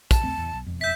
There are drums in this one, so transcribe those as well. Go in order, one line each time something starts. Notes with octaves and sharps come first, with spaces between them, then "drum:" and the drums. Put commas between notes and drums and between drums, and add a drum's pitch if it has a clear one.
A5, drum: kick, hi-hat
D#2 A3 C4
E2
B1
E1 F2
E5 G6 B6